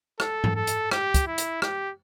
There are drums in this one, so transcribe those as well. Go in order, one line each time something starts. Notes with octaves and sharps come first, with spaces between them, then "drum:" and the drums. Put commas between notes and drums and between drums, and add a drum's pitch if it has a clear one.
A4, drum: rim click
drum: tom G#2
A4
drum: hi-hat
G4, drum: rim click
drum: kick, hi-hat
E4
drum: hi-hat
G4, drum: rim click